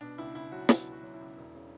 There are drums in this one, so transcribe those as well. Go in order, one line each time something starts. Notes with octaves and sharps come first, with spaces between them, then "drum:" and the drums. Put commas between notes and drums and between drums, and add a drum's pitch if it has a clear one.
B2 D4
C#2 E4
C#2 E4
F#3 F#4
B2 E4, drum: snare
C#2
F#4
F#3
E4
C#2
E1
C#3